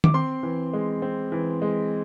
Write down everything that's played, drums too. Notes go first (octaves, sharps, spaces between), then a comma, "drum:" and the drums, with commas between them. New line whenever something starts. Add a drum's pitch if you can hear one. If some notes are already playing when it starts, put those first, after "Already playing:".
D6, drum: tom D#3
C4 C6
E3
G#3
C4
E3
G#3